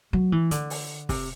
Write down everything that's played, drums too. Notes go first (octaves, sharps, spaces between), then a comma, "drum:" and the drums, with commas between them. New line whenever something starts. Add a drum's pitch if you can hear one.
F#3
E3
D3, drum: hi-hat
drum: open hi-hat
C3, drum: kick, open hi-hat